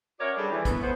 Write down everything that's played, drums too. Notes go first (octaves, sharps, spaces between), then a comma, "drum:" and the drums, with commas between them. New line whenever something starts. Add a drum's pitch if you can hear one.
C#4 F#4 A#4 C#5 D5 E5
G3 C4 D4 G#4 A4
E3
D3 E3 A3 B3, drum: kick, hi-hat
B3 C5